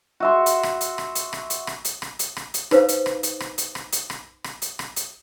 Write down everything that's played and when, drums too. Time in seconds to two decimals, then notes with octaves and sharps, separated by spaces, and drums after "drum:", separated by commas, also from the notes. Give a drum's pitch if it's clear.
0.20 F#4 E5 C6
0.46 drum: hi-hat
0.63 drum: rim click
0.81 drum: hi-hat
0.98 drum: rim click
1.15 drum: hi-hat
1.33 drum: rim click
1.50 drum: hi-hat
1.67 drum: rim click
1.85 drum: hi-hat
2.02 drum: rim click
2.19 drum: hi-hat
2.37 drum: rim click
2.54 drum: hi-hat
2.71 D#4 B4 C5 F5, drum: rim click
2.88 drum: hi-hat
3.06 drum: rim click
3.23 drum: hi-hat
3.40 drum: rim click
3.58 drum: hi-hat
3.75 drum: rim click
3.92 drum: hi-hat
4.10 drum: rim click
4.44 drum: rim click
4.62 drum: hi-hat
4.79 drum: rim click
4.96 drum: hi-hat